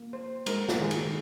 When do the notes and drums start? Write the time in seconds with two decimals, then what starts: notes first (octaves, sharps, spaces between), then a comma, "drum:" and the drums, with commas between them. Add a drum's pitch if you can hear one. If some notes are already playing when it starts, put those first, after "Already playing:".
Already playing: A#3
0.13 C5
0.46 G#3 A#4, drum: cymbal
0.69 drum: snare
0.80 D#3 G#4
0.91 drum: cymbal